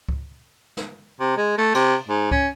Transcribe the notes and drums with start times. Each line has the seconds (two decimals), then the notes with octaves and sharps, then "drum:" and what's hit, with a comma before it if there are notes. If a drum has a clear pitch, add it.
0.09 drum: kick C#2
0.77 drum: snare
1.20 C3
1.37 G#3
1.58 A3
1.75 C3, drum: cymbal
2.09 G#2
2.31 C#4, drum: kick C#2